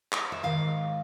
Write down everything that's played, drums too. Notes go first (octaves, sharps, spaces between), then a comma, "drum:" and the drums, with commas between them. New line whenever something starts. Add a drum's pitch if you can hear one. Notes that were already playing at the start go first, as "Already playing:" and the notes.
drum: clap
E5
G#2 D#3 F5